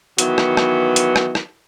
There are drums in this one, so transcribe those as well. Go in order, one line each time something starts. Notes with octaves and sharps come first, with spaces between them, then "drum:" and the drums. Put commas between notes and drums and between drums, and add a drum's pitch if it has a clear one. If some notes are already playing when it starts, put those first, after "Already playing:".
D#3 E3 F#3 B3, drum: hi-hat
drum: rim click
drum: rim click
drum: hi-hat
drum: rim click
drum: rim click